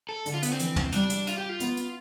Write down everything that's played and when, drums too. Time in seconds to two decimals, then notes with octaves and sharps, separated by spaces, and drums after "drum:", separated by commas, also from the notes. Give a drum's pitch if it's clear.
0.09 A4
0.26 D3, drum: hi-hat
0.34 F4
0.43 B3, drum: hi-hat
0.52 C4
0.59 E3, drum: hi-hat
0.76 drum: tom
0.92 G3 D4, drum: hi-hat
1.10 drum: hi-hat
1.27 F4, drum: hi-hat
1.38 G4
1.49 F4
1.60 B3, drum: hi-hat
1.77 drum: hi-hat